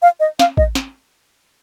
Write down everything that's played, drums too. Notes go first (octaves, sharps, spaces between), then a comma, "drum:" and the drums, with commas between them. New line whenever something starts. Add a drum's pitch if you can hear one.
F5
D#5
F5, drum: snare
D#5, drum: kick A1
drum: snare